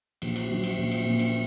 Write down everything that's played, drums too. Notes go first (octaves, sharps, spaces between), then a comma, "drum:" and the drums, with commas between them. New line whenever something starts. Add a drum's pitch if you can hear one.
A#1, drum: cymbal
drum: cymbal
F#3
drum: cymbal
A#1
drum: cymbal
A#2
drum: cymbal